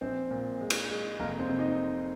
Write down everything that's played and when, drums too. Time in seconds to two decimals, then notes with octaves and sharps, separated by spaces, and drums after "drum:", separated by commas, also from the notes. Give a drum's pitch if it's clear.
0.01 A#1 C4 C5
0.31 A#2
0.61 G#3
0.70 drum: cymbal
0.90 G#3
1.19 F1 A#3 A#4
1.39 C4 C5
1.49 C3
1.59 D#4 D#5